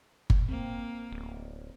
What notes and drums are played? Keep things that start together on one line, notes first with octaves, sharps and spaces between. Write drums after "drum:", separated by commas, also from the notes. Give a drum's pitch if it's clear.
drum: kick G1
A#3 C4
D1